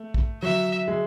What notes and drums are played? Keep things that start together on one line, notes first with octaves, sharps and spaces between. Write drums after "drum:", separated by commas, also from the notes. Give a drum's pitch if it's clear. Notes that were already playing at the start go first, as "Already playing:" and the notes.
Already playing: A3
drum: kick
F#3 E5
G#3